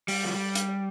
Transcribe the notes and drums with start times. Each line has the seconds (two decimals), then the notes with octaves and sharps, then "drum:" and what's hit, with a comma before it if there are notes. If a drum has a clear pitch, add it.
0.08 G3, drum: open hi-hat
0.25 F3
0.36 G3
0.55 drum: hi-hat